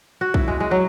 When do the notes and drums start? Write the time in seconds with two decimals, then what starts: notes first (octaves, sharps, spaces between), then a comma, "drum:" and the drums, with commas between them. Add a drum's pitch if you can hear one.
0.21 F#4
0.34 E4, drum: kick
0.48 G#3
0.60 G#3
0.71 F#3